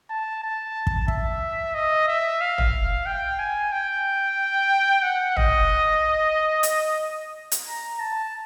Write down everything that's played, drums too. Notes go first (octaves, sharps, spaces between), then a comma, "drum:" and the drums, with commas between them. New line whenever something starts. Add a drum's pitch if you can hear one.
A5
A5
drum: kick
E5, drum: kick
D#5
E5
F5
drum: tom
G5
G#5
G5
F#5
D#5, drum: tom
drum: hi-hat
drum: hi-hat
A#5
A5